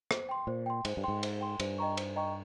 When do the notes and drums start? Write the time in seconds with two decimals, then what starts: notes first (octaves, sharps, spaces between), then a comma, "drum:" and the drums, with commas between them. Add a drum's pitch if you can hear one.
0.11 C5, drum: rim click
0.29 G5 C6
0.47 A#2 C5
0.66 G5 C6
0.85 G#2 C5, drum: cymbal
0.97 G2
1.04 G#2 G5 C6
1.23 C5, drum: cymbal
1.41 G5 C6
1.60 G2 C5, drum: cymbal
1.78 D#5 G5 A#5 C#6
1.97 C5, drum: cymbal
2.16 D#5 G5 A#5 C#6